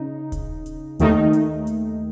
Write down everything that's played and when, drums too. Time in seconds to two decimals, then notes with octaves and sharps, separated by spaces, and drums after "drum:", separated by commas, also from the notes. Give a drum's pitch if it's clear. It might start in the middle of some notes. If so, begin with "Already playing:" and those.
Already playing: C#3 D#4
0.32 drum: kick D#1, hi-hat
0.66 drum: hi-hat
0.99 D#2 D#3 A3 D#4, drum: hi-hat
1.33 drum: hi-hat
1.67 drum: hi-hat